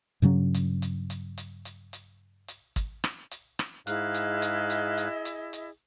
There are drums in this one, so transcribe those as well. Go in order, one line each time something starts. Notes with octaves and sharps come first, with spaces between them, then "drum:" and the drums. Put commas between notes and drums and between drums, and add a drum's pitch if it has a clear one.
G2 C#3 F#3 C#4
drum: hi-hat
drum: hi-hat
drum: hi-hat
drum: hi-hat
drum: hi-hat
drum: hi-hat
drum: hi-hat
drum: kick, hi-hat
drum: rim click
drum: hi-hat
drum: rim click
G#2 E4 G#4 D#5 F5 F#6, drum: hi-hat
drum: hi-hat
drum: hi-hat
drum: hi-hat
drum: hi-hat
drum: hi-hat
drum: hi-hat